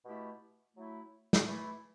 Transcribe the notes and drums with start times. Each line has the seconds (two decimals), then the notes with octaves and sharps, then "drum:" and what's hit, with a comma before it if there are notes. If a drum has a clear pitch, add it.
0.05 B2 A3 E4 G4
0.76 F#3 A3 E4
1.33 drum: snare
1.47 E3 A3 E4